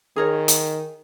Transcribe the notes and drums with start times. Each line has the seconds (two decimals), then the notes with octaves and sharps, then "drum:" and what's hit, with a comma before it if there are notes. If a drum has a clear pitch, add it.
0.16 D#3 G#4 A#4 C#5
0.48 drum: hi-hat